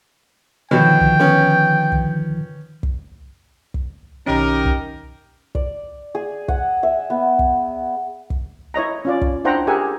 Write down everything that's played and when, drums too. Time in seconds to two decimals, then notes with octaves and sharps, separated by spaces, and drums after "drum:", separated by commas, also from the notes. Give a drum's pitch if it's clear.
0.71 B2 D3 D#3 F3 F#3 G5
1.01 drum: kick
1.20 B3 C#4
1.92 drum: kick
2.83 drum: kick
3.74 drum: kick
4.26 B1 D#3 C#4 D#4 G4 A#4
4.65 drum: kick
5.55 D5, drum: kick
6.15 G#4
6.48 F#5, drum: kick
6.83 E5
7.10 B3
7.39 drum: kick
8.30 drum: kick
8.74 E4 C#5 D#5 A#5
9.05 C#4 F4 D5
9.21 drum: kick
9.45 D4 E4 C5 F#5 G5 A#5
9.67 G4 G#4 A#4 E5 F#5 G#5